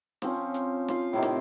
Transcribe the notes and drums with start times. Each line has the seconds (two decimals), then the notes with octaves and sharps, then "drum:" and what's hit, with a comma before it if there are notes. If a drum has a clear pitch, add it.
0.22 F3 C4 C#4, drum: snare
0.54 drum: hi-hat
0.88 F4 F5, drum: snare
1.13 A2 C3 D#3
1.23 drum: snare